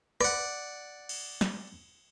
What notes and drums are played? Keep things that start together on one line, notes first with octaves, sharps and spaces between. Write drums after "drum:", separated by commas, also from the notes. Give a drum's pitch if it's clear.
D5 F#5, drum: rim click
drum: cymbal
drum: snare